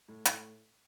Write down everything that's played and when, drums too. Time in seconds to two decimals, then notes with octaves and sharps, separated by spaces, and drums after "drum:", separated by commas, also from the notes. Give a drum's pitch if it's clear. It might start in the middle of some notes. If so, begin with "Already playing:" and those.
0.08 A2
0.25 A2, drum: hi-hat